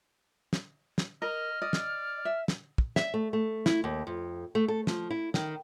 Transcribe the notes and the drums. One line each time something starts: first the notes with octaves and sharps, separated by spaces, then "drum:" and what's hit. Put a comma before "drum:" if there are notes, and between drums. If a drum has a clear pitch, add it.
drum: snare
drum: snare
A#4 D#5 F6
D5 D#5
drum: snare
E5
drum: snare
drum: kick
E5, drum: snare
A3
A3
E4, drum: snare
D#2
F2
A3
A4
F3, drum: snare
E4
D#3, drum: snare